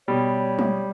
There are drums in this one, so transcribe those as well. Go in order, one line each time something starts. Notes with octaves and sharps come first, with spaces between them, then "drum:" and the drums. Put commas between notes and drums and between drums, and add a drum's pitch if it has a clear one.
B2 G3 C#5
drum: tom